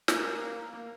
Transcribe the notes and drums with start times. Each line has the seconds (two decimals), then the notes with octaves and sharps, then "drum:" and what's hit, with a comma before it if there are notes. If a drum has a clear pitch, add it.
0.08 A#3, drum: snare
0.73 A#3